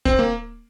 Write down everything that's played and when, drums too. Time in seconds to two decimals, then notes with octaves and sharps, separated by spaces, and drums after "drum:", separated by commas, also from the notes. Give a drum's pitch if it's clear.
0.05 C4, drum: kick
0.19 A#3